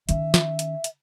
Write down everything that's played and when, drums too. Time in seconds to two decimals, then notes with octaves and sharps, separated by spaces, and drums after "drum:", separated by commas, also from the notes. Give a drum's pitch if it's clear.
0.09 D#3 C#4 E5, drum: hi-hat
0.34 drum: snare
0.59 drum: hi-hat
0.84 drum: hi-hat